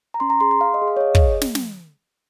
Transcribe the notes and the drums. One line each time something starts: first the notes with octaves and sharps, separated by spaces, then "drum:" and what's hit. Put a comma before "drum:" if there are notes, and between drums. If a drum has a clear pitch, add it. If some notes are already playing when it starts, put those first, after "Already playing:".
A#5
C#4 C6
A#5
G#4 C6
C6
G#4 F5
D#5
G#4
F5
C#5
G#4 D#5
drum: kick
drum: snare
drum: snare